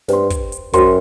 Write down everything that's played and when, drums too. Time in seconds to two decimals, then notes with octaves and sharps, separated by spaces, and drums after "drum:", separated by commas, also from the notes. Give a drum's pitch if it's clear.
0.08 G2 C5 G5 C6, drum: snare
0.30 drum: kick, hi-hat
0.52 drum: hi-hat
0.73 F#2 F#4 C5 G5 C6, drum: kick, hi-hat